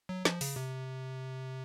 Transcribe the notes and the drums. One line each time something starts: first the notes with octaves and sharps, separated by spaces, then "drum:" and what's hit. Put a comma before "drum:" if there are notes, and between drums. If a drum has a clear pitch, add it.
F#3
F3, drum: snare
C#3, drum: open hi-hat
C3